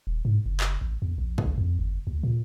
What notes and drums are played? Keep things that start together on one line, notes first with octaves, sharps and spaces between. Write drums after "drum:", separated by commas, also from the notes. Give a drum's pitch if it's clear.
D#1
G#2
F#1
drum: clap
A1
E2
A#1
D2, drum: kick
F2
G1
D2
A#2